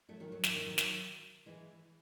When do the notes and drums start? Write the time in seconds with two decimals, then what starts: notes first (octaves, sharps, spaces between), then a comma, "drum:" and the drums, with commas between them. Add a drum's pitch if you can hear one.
0.09 F#3 A3
0.20 D#3 F#3
0.32 D#3 F#3
0.44 D#3 F#3, drum: snare
0.55 D#3
0.66 D#3 F#3
0.78 drum: snare
1.46 E3 G#3